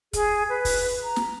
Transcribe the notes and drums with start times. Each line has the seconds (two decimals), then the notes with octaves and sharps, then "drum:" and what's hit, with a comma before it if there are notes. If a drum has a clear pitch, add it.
0.13 G#4, drum: kick, hi-hat
0.49 B4
0.65 drum: kick, open hi-hat
1.03 A#5
1.16 drum: snare